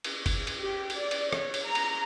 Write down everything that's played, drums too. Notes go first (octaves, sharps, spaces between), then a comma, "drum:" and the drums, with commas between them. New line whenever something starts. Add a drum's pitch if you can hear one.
drum: cymbal
drum: kick, cymbal
drum: cymbal
G4
drum: cymbal
D5
drum: cymbal
C#5, drum: rim click
drum: cymbal
A#5
drum: cymbal